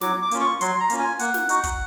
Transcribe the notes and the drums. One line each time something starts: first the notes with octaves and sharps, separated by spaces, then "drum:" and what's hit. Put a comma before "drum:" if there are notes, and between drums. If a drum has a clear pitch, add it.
F#3 D6, drum: snare
D6
A#3 C#4 F4, drum: hi-hat
C#6
F#3 C6, drum: hi-hat
A#5
A#3 C#4 F4, drum: hi-hat
G#5
A#3 F#5, drum: hi-hat
drum: snare
D#4 F#4, drum: hi-hat
drum: kick, hi-hat